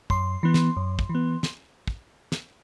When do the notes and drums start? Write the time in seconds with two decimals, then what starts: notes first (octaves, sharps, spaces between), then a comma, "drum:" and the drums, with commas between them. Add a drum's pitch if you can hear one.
0.10 F#2 C6, drum: kick
0.43 E3 B3
0.54 drum: snare
0.77 F#2
0.99 drum: kick
1.09 E3
1.15 B3
1.43 drum: snare
1.87 drum: kick
2.32 drum: snare